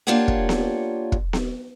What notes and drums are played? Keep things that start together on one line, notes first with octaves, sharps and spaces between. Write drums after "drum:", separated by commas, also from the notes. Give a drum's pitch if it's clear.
A#3 D4 F4 G4 C#5 F#5
drum: kick
drum: snare B3
drum: kick
drum: snare B3